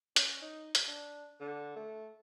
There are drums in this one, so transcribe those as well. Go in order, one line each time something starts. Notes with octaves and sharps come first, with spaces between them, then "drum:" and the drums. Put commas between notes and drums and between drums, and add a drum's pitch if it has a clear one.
C#4, drum: hi-hat
D#4
drum: hi-hat
D4
D3
A3